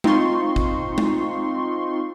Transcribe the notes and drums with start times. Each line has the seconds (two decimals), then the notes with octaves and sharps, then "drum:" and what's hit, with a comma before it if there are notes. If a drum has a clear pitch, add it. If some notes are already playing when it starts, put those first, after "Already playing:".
0.04 C4 D#4 F4 C6 C#6, drum: tom G#3
0.56 drum: kick G#1
0.98 drum: tom G#3